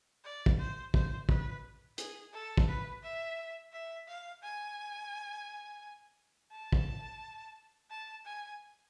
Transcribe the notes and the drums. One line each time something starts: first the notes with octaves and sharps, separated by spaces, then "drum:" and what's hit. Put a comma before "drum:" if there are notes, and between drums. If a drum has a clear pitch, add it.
D5
drum: kick
C5
C5, drum: kick
B4, drum: kick
G#4, drum: hi-hat
A4
drum: kick
B4
E5
E5
F5
G#5
A5
drum: kick
A5
G#5